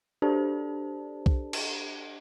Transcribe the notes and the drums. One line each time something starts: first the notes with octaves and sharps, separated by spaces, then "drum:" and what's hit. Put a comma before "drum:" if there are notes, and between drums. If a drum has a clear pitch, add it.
D4 G4 A4 C5 D5 A5
drum: kick B1
drum: cymbal